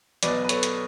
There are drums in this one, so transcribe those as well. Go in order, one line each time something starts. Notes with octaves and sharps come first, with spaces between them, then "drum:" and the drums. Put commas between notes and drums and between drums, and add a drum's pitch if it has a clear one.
B1 B2 F#3 B4 D5, drum: hi-hat
B4
A4 C#5, drum: hi-hat
drum: hi-hat